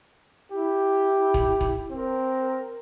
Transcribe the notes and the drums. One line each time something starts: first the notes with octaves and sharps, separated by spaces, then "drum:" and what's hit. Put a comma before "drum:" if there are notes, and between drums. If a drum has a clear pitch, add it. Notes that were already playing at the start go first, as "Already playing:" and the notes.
E4 G4
drum: kick E1
drum: kick E1
C4 A#4